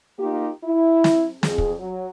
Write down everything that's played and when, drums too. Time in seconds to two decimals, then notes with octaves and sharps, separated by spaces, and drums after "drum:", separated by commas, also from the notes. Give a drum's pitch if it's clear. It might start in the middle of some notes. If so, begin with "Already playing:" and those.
0.18 A#3 D#4 F4 G4
0.63 E4
1.04 drum: snare
1.43 F2 G#4, drum: snare
1.58 drum: kick
1.78 F#3